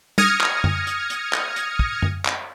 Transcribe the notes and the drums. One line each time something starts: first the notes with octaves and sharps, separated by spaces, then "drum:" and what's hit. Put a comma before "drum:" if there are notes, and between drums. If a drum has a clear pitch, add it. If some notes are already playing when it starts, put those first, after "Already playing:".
D#6 F6 G#6 A#6 C#7, drum: tom
drum: clap
drum: tom F#2
drum: hi-hat
drum: hi-hat
drum: clap
drum: hi-hat
drum: kick
drum: tom F#2
drum: clap